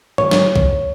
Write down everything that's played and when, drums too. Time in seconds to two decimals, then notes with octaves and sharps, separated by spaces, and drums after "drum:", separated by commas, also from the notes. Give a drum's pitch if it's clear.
0.18 C#5, drum: tom
0.31 drum: snare
0.56 drum: kick